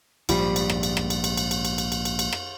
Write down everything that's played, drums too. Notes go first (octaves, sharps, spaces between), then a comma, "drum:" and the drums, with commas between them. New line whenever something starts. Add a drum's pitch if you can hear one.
A#1 G#2 F3 G3, drum: cymbal
drum: cymbal
drum: rim click
drum: cymbal
drum: rim click
drum: cymbal
drum: cymbal
drum: cymbal
drum: cymbal
drum: cymbal
drum: cymbal
drum: cymbal
drum: cymbal
drum: cymbal
drum: rim click